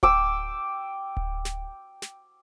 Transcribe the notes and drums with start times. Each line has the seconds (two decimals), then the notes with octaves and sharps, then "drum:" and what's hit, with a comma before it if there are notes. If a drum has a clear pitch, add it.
0.03 G5 D6 E6, drum: kick D1
1.17 drum: kick D1
1.45 drum: snare
2.02 drum: snare